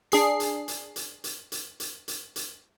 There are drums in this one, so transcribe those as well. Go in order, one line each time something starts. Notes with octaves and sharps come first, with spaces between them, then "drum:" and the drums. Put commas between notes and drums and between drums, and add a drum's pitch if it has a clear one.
D4 G#4 C7, drum: hi-hat
drum: hi-hat
drum: hi-hat
drum: hi-hat
drum: hi-hat
drum: hi-hat
drum: hi-hat
drum: hi-hat
drum: hi-hat